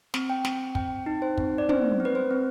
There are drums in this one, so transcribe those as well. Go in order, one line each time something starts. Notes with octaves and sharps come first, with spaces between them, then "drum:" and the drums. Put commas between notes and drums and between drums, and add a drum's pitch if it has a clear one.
C4, drum: snare
G5
C4, drum: snare
C4 G5, drum: kick
D#4
C5
C4, drum: kick
D5
C4 C5, drum: tom
C4
B4
C5
C4